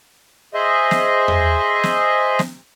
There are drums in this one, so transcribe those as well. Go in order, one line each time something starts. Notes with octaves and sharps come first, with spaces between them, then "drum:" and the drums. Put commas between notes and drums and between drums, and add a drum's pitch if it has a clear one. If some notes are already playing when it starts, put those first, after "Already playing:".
G#4 C5 D#5 E5
drum: snare
drum: tom E2
drum: snare
drum: snare